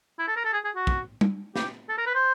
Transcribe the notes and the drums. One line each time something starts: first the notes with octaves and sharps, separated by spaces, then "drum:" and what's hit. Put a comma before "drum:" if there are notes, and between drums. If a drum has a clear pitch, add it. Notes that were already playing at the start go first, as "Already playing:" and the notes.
E4
A4
A#4
A4
G#4
G#4
F#4
drum: kick
drum: tom G3
G4, drum: snare
A4
A#4
B4
C5